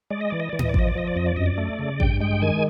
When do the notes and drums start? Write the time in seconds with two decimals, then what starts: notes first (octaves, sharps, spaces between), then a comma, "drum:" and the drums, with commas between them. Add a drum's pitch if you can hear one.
0.11 G#3 D5
0.21 D#5
0.30 E3 D5
0.40 D#5
0.50 E3 D5
0.59 D#5, drum: tom A2
0.69 D5
0.74 F3 D#5, drum: kick A1
0.88 D5
0.95 F3 D#5
1.07 D5
1.16 F2 D#5
1.26 D5
1.36 F#2 D#5
1.46 D5
1.58 A3
1.79 C#3
2.00 G2 G5, drum: kick A1
2.20 G#3 G5
2.42 D#3 G#5